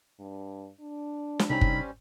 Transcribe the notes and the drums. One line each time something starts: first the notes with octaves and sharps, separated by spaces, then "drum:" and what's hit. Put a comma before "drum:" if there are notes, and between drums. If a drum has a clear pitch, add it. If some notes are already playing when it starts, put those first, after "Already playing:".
G2
D4
drum: snare
C2 G3 C4 C#4 D#4 A#5 B5
drum: kick